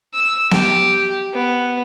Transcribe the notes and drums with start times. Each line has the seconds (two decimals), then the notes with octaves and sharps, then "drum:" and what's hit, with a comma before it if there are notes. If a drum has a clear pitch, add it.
0.14 E6
0.51 G4, drum: snare B3
1.34 B3